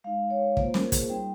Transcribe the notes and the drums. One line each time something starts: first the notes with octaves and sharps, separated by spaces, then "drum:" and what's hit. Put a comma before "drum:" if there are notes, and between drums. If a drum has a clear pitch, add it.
G#3 D#4 F5
C#5
A#3 F4 C5, drum: kick
A#4, drum: snare
G#4, drum: kick, hi-hat
G3 C4 D#4 G5